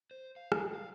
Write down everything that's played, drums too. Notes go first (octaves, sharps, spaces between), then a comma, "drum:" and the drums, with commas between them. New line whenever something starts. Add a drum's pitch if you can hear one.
C5
F5
drum: rim click
F5